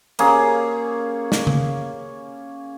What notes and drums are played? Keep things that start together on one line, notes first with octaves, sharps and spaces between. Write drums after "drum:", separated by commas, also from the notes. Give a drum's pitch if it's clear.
A#3 C#4 G#4, drum: cymbal
drum: snare
drum: tom C#3